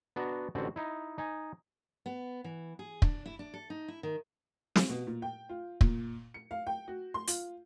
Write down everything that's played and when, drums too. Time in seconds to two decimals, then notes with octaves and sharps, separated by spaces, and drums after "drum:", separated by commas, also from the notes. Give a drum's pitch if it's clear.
0.16 B3 D4 F#4 A#5
0.55 A1 D3 C4 F#4 F#5
0.76 D#4 E4
1.18 D#4 G#5
2.06 B3
2.44 E3
2.79 G#4
3.02 D4, drum: kick
3.26 E4
3.39 D4
3.54 A4
3.70 D#4
3.88 E4
4.03 D#3
4.76 drum: snare
4.89 B2
5.07 A#2
5.22 G5
5.49 F4
5.81 A#2, drum: kick
6.34 C#7
6.51 F5
6.67 G5
6.88 F#4
7.14 C6
7.27 F4, drum: hi-hat